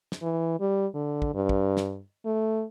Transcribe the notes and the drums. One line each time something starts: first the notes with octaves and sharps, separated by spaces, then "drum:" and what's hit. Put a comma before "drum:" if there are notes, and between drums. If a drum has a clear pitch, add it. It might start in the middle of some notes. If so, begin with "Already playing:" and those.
drum: snare
E3
G3
D3
drum: kick
G2
drum: kick
drum: snare
A3